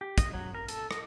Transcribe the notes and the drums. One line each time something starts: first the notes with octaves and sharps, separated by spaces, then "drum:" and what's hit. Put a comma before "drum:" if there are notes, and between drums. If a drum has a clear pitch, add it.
G4
D#5, drum: kick, hi-hat
F#3
A#4
A4, drum: hi-hat
D#5, drum: rim click